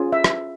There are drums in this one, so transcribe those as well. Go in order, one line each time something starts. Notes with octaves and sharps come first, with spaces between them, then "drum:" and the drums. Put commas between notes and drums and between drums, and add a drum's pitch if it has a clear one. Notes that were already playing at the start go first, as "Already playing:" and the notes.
Already playing: C#4 F4 G#4
E5
drum: rim click